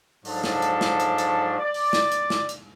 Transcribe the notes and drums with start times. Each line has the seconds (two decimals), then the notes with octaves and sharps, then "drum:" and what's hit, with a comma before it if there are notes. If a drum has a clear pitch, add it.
0.25 G#2 F3 F#3 D4 A4, drum: open hi-hat
0.44 drum: snare
0.62 drum: hi-hat
0.81 drum: snare
1.00 drum: hi-hat
1.18 drum: hi-hat
1.60 D5
1.74 drum: open hi-hat
1.93 drum: snare
2.12 drum: hi-hat
2.30 drum: snare
2.49 drum: hi-hat